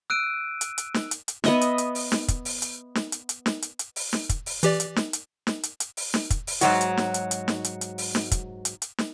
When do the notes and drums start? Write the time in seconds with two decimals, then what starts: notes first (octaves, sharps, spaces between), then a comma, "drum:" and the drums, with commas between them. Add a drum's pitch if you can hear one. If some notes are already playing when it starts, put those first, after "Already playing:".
0.10 E6 F#6 D7 D#7
0.61 drum: hi-hat
0.78 drum: hi-hat
0.94 drum: snare
1.11 drum: hi-hat
1.28 drum: hi-hat
1.44 B3 D#5 E5, drum: snare
1.61 drum: hi-hat
1.78 drum: hi-hat
1.95 drum: open hi-hat
2.12 drum: snare
2.28 drum: kick, hi-hat
2.45 drum: open hi-hat
2.62 drum: hi-hat
2.95 drum: snare
3.12 drum: hi-hat
3.29 drum: hi-hat
3.46 drum: snare
3.62 drum: hi-hat
3.79 drum: hi-hat
3.96 drum: open hi-hat
4.13 drum: snare
4.29 drum: kick, hi-hat
4.46 drum: open hi-hat
4.63 E3 G4 D5, drum: hi-hat
4.80 drum: hi-hat
4.96 drum: snare
5.13 drum: hi-hat
5.47 drum: snare
5.63 drum: hi-hat
5.80 drum: hi-hat
5.97 drum: open hi-hat
6.14 drum: snare
6.30 drum: kick, hi-hat
6.47 drum: open hi-hat
6.61 G#2 F#3 F#4, drum: hi-hat
6.81 drum: hi-hat
6.97 drum: snare
7.14 drum: hi-hat
7.31 drum: hi-hat
7.48 drum: snare
7.64 drum: hi-hat
7.81 drum: hi-hat
7.98 drum: open hi-hat
8.15 drum: snare
8.31 drum: kick, hi-hat
8.65 drum: hi-hat
8.82 drum: hi-hat
8.98 drum: snare